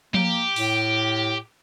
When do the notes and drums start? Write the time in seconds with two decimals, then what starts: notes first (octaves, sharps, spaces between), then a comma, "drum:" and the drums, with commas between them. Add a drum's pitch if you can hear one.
0.14 A#3 G4, drum: tom F3
0.56 A2, drum: open hi-hat